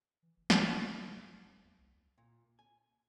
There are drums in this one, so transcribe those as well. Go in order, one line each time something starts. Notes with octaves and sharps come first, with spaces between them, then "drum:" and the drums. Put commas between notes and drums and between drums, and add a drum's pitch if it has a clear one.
E3
F#1
D3, drum: snare
A#1
F1
C#3
F#2
F#1
F#3
E2
C2
A#2
G#5